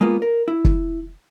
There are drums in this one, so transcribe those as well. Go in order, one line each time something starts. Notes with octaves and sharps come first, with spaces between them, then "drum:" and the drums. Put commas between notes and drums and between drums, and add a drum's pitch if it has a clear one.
G#3 A#3 B3 F4
A#4
E4
drum: kick